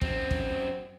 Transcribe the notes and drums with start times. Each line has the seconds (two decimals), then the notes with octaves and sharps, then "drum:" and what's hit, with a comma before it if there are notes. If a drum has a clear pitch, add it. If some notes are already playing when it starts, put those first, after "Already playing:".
0.01 F#2 C4, drum: kick
0.31 drum: kick